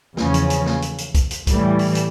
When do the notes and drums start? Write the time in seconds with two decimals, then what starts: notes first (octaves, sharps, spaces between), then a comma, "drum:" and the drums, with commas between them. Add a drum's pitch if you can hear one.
0.17 E2 C#3 F3 C#4, drum: snare
0.34 drum: hi-hat
0.50 drum: hi-hat
0.66 drum: snare
0.82 drum: hi-hat
0.98 drum: hi-hat
1.15 drum: kick, hi-hat
1.31 drum: hi-hat
1.47 A2 E3 G3, drum: kick, hi-hat
1.79 drum: open hi-hat
1.95 drum: hi-hat